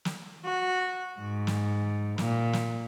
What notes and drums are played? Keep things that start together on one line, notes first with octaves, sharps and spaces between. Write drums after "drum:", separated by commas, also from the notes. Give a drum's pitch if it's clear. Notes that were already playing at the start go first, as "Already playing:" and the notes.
drum: snare
F#4
G#2
drum: snare
A#2, drum: snare
drum: snare